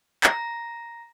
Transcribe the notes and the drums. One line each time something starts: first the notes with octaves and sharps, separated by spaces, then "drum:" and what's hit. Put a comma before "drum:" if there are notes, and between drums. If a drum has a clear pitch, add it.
A#5 A#6, drum: clap